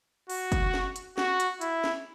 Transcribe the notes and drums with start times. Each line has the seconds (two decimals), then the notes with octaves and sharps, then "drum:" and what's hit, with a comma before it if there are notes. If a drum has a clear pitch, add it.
0.30 F#4, drum: open hi-hat
0.52 drum: kick, hi-hat
0.74 drum: snare
0.96 drum: hi-hat
1.18 F#4, drum: snare
1.40 drum: hi-hat
1.61 E4, drum: hi-hat
1.84 drum: snare